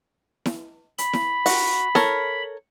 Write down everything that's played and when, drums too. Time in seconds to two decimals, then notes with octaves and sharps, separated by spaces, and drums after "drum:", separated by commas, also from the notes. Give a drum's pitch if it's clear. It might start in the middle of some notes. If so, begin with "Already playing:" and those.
0.46 drum: snare E4
0.98 B5, drum: hi-hat
1.13 drum: snare E4
1.46 F#4, drum: open hi-hat
1.95 A4 A#4 C#5, drum: snare E4